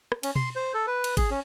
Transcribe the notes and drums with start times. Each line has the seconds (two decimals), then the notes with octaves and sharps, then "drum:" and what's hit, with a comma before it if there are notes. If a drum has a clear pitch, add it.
0.12 drum: rim click
0.23 C#4, drum: cymbal
0.35 C6, drum: tom B2
0.56 C5
0.74 A4
0.87 B4
1.04 drum: cymbal
1.17 G#4, drum: kick G#1, cymbal
1.31 C#4